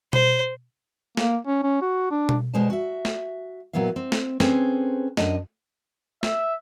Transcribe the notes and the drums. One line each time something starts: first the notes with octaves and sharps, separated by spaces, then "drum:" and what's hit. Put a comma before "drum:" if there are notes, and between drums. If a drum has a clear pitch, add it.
C5, drum: tom B2
A#3, drum: snare
C#4
C#4
F#4
D4
drum: tom B2
B2 G3 G#3 C5 D5 A5
F#4 E5
drum: snare
A#2 C#3 F#3 B3 E4 F5
C4
drum: snare
C4 C#4 G#4 A4 B4 C5, drum: snare
F#2 D4 D#5, drum: snare
E5, drum: snare